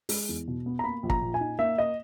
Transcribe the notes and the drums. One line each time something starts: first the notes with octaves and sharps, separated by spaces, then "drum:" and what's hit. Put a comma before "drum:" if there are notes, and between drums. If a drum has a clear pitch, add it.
G#3, drum: open hi-hat
E2
B2
B3
A#5
A#3 B5
A#1
A#5, drum: kick
A#2
G#5
D#4
A#3 E5
D#5